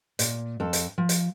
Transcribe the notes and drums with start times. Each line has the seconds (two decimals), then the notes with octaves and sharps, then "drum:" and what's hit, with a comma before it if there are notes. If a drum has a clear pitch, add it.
0.19 A#2, drum: hi-hat
0.60 F2 A4 A5
0.73 drum: hi-hat
0.98 F3
1.09 drum: hi-hat